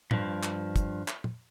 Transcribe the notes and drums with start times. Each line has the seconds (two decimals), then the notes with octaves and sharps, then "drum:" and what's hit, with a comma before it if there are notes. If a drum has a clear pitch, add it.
0.11 G2 F3, drum: tom
0.43 drum: clap
0.76 drum: kick, hi-hat
1.08 drum: clap
1.24 drum: tom